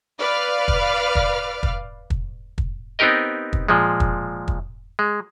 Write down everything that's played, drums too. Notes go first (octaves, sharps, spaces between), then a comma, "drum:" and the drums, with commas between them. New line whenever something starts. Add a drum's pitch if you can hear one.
B4 D5 F5 F6
drum: kick
drum: kick
drum: kick
drum: kick
drum: kick
B3 C4 D#4 G4 A#4 D#5
drum: kick
A#2 F3 G#3
drum: kick
drum: kick
G#3